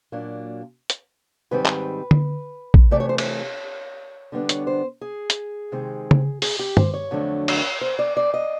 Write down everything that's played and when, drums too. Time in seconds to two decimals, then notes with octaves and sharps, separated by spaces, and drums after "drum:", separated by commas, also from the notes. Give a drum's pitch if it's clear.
0.12 A#2 F#3 A#3 D4
0.90 drum: hi-hat
1.51 G#2 D#3 G3 C4 B4
1.66 drum: clap
2.11 drum: tom D3
2.74 drum: kick
2.91 C3 E3 A3 D5
3.00 C#5
3.09 C5
3.18 C#5, drum: cymbal
4.32 D3 G3 B3 D4
4.49 C#5, drum: hi-hat
4.67 C5
5.01 G#4
5.30 drum: hi-hat
5.72 C3 D#3 G#3 C4
6.11 drum: tom C#3
6.42 G#4, drum: open hi-hat
6.59 G4
6.77 C5, drum: tom
6.94 C#5
7.11 F2 D3 F#3 A3 D4
7.48 drum: cymbal
7.81 C5
7.99 D5
8.17 D5
8.34 D#5